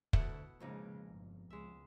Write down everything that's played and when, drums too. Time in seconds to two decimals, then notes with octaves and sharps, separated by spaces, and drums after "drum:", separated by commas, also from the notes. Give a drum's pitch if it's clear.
0.13 D2 B2 E4 A4 E5 F#5, drum: kick
0.60 F2 A#2 C#3 G#3 D#4
1.07 G1
1.50 C#2 G#3 E5